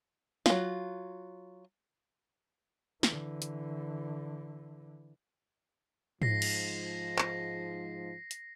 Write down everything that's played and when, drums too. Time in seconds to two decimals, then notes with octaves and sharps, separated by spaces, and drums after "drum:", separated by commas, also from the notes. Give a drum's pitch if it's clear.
0.46 F#3 F4, drum: snare
3.03 D3 E3, drum: snare
3.42 drum: hi-hat
6.22 G#2 F3 A#6 C7, drum: tom G#2
6.42 drum: cymbal
7.19 drum: clap
8.31 drum: hi-hat